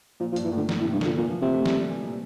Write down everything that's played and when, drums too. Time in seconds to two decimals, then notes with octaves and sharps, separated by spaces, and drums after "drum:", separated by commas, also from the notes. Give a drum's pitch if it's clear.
0.20 A#2 F3
0.33 F3
0.36 G2, drum: hi-hat
0.44 E3
0.52 A2 D3
0.69 A#2, drum: snare
0.81 A2
0.85 C3
0.93 G2
1.01 A#2 D3, drum: snare
1.17 A#2 E3
1.29 F3
1.41 C3 A#3
1.54 A3
1.66 G3, drum: snare
1.90 E3
2.03 A#2